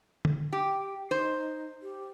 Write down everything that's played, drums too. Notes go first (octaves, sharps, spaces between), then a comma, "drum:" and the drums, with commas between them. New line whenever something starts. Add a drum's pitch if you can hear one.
drum: tom D3
G4 G5
D#4 C5
G4